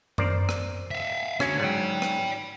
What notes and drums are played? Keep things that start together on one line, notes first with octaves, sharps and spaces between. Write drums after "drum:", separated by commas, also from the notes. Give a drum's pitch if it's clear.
A#4 C5 D5, drum: tom F#2
drum: rim click
E5 F5
D3 C#4 F#4, drum: rim click
G#2 F#3 D5 G5
drum: rim click